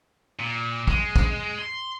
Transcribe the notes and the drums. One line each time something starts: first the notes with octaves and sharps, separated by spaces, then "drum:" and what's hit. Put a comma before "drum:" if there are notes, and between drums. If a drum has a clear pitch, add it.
A#2
G#3, drum: kick
drum: kick
C6